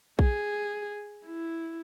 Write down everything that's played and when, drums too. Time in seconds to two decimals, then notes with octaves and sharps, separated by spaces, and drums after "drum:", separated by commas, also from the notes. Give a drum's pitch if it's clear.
0.19 G#4, drum: kick A#1
1.25 E4